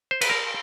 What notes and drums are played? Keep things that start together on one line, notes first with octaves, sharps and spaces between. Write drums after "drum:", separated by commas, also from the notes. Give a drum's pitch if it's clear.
C5
B4, drum: cymbal
A#4